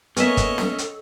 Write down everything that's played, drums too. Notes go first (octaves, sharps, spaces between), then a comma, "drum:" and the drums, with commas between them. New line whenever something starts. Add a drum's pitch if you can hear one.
A#3 B3 C#4 A4 C#5 D#5 E5, drum: hi-hat
drum: kick, hi-hat
drum: snare
drum: hi-hat